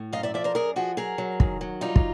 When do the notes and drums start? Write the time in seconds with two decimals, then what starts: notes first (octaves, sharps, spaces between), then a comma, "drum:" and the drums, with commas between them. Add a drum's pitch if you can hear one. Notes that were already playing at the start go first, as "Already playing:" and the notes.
Already playing: A2
0.13 F#2 D#5 F5
0.23 D5 E5
0.34 F3 D5 E5
0.44 A#4 C5
0.55 F#2 G#4 A#4
0.76 F3 F#4 G#4
0.97 F#3 G#4 A#4
1.18 F#3
1.40 D#3, drum: kick
1.61 F#3
1.81 G3 D#4 F4
1.96 drum: kick